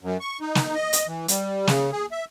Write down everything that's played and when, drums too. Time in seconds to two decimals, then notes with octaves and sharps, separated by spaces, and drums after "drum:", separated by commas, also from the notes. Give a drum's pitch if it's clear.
0.01 F#2
0.20 C#6
0.41 D#4
0.55 drum: snare
0.75 D#5
0.93 drum: hi-hat
1.07 E3
1.28 G3, drum: hi-hat
1.67 C#3, drum: snare
1.92 G#4
2.12 E5